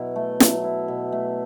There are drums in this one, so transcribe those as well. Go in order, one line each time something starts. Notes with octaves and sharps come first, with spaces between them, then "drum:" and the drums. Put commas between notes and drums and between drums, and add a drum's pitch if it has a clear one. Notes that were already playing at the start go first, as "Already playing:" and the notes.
Already playing: B2 F#3 E4
A3
F#3, drum: snare
E4
B2
A3